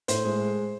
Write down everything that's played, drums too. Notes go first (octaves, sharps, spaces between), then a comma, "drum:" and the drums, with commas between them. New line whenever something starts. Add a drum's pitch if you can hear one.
A2 C5, drum: hi-hat
G#3